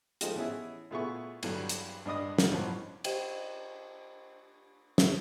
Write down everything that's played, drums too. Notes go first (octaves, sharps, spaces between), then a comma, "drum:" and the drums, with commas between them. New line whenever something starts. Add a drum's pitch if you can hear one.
F3 G#3 A3 D#4 F4 G4, drum: hi-hat
E3 B3 C#4 E4 G#4
A#2 A3 B3 E4 G#4 C#6
G2 D3 E3 F#3 G3, drum: cymbal
drum: hi-hat
G2 D4 D#5 D#6
drum: snare
C2 G2 B2 F3 F#3
G4 C5 D#5 G5, drum: cymbal
drum: snare